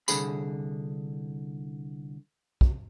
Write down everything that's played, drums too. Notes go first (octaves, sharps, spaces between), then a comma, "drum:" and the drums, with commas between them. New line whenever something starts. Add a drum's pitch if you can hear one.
C2 B2 D3 G#4 B5, drum: tambourine
drum: kick